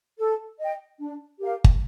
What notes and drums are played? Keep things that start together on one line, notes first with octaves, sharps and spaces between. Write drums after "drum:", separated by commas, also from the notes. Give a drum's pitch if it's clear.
A4
D#5 G5
D4
G4 A#4 F5
drum: kick G1